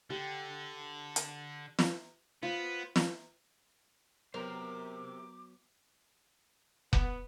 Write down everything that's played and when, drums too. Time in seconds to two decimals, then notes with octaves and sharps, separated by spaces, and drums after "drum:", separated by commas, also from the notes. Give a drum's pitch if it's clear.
0.10 D3 G4
1.16 drum: hi-hat
1.79 drum: snare
2.43 B3 F4 C5
2.96 drum: snare
4.34 F#3 B3 G4 A#4 C5 D6
6.93 B3, drum: kick F1